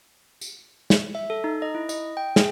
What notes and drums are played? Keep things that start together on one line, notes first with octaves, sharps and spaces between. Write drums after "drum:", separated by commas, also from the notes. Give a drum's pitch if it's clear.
drum: tambourine
drum: snare
E5
A4
D#4
D#5
E4
D#5, drum: tambourine
G5
G#4, drum: snare